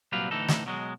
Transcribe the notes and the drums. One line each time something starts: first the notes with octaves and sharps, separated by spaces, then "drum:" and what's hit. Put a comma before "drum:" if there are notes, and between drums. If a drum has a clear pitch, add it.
C2 A#2 F#3 G4 B4 F5
D2 A2 E3 D#4 A4
drum: snare
B2 F#3 G#3